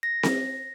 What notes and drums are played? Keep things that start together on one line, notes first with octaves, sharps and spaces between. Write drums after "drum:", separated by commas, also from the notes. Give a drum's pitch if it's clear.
A#6
drum: snare C4